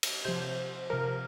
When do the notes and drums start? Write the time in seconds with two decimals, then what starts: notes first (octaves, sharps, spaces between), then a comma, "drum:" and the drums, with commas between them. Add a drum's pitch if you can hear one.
0.03 drum: cymbal
0.25 C3 F3 C5
0.90 C3 F3 A#4